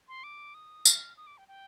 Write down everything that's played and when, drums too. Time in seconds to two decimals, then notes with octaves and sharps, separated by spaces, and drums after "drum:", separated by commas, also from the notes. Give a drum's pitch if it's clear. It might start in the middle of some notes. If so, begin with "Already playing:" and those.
0.08 C6
0.24 D6
0.54 D#6
0.85 F6, drum: tambourine
1.17 D#6
1.27 D6
1.38 G5
1.48 G5